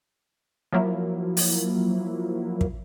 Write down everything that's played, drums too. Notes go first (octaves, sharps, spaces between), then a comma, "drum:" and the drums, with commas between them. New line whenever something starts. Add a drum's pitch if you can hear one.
F3 F#3 A#3 E4
drum: open hi-hat
drum: kick